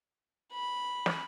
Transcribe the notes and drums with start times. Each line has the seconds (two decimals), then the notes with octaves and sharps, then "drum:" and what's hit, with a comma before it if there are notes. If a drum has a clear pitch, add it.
0.53 B5
1.06 drum: snare